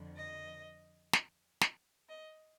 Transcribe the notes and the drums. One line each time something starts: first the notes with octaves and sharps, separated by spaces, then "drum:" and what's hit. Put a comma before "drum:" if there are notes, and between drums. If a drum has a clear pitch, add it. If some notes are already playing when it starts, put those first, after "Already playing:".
Already playing: F2 D3 F3
D#5
drum: snare
drum: snare
D#5